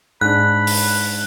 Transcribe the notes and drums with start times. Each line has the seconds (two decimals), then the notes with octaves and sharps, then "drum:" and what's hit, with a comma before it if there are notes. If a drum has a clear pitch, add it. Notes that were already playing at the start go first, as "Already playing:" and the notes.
0.21 G#2 D4 B5 F#6
0.67 drum: open hi-hat